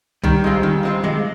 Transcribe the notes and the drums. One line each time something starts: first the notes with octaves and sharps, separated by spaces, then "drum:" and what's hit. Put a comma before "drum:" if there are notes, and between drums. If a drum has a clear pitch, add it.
D#3 G3, drum: kick B1
G#3 C4 F4
D#3
G#3 C4 F4
C3 G#3, drum: tom D3